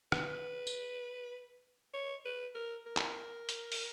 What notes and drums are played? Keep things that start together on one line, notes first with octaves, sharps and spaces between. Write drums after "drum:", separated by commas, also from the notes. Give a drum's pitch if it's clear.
B4, drum: rim click
drum: tambourine
C#5
B4
A#4
A#4
drum: clap
drum: hi-hat
drum: open hi-hat